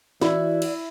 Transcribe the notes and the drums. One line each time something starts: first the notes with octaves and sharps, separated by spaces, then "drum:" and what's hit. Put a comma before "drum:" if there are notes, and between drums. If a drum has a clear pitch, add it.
E3 E4 F#4 D5, drum: snare
drum: cymbal